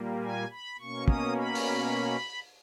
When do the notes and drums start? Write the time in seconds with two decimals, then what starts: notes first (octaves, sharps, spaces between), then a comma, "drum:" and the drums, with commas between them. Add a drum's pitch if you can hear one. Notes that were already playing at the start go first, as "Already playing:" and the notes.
Already playing: A#2 G3 A#3
0.22 G#5
0.51 B5
0.79 B2 A#3 C#4 C#6
1.08 D#6, drum: kick
1.37 B5
1.55 drum: open hi-hat